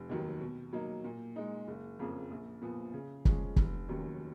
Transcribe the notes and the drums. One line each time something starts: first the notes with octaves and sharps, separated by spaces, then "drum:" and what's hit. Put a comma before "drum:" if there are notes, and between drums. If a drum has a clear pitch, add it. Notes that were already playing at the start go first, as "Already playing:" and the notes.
Already playing: F1
D#2 D#3 F#3
B2
F#3 A#3 D#4
A#2
G#3 D#4
F#1
F2 C#3 F3 A#3
A#1
A#2 F3 B3
C#3
F3 G#3 C#4 G#4, drum: kick
F1, drum: kick
D#2 D#3 F#3 C#4